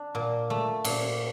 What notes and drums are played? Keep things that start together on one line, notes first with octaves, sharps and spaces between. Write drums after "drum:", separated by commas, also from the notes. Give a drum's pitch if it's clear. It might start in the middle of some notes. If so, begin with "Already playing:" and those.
Already playing: D4
A#2
A3
A#2, drum: cymbal